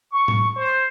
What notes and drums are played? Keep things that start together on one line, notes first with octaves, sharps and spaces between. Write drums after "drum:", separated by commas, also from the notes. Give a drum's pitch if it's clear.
C#6
drum: tom
C5